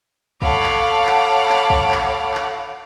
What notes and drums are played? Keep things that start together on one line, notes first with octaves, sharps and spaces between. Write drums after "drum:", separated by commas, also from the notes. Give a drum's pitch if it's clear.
A4 C#5 F5 F#5 B5 D6, drum: kick
drum: clap
drum: clap
drum: clap
drum: kick
drum: clap
drum: clap